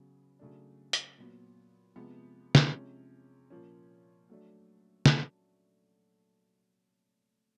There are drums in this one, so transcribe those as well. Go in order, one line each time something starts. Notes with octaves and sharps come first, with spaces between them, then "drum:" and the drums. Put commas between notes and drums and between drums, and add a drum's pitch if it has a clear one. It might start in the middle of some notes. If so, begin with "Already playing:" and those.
Already playing: C#3 F#3 B3
C#3 F#3 A3 D4
drum: hi-hat
A#2 F#3 B3
C3 F3 G#3 B3
drum: snare
C3 F3 G#3 C#4
A#2 F3 A#3 C#4
F#3 A3 D4
drum: snare